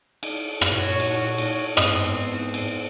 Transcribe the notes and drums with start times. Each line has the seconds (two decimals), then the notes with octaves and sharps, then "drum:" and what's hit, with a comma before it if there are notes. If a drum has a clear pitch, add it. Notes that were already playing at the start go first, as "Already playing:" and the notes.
0.23 drum: cymbal
0.61 drum: rim click
0.72 A#2 F#4 C#5
1.00 drum: cymbal
1.38 drum: cymbal
1.77 G#2 B3 C4 D#5 D#6, drum: rim click
2.54 drum: cymbal